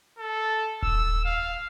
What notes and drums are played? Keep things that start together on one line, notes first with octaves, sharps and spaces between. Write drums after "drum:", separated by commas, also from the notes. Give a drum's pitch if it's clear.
A4
E6, drum: kick D#1
F5